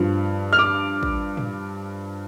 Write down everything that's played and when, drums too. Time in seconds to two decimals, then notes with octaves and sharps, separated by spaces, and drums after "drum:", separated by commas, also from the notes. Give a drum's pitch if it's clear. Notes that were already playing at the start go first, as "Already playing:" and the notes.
Already playing: G2 F3
0.53 F6
0.59 D6
1.03 drum: kick
1.37 drum: tom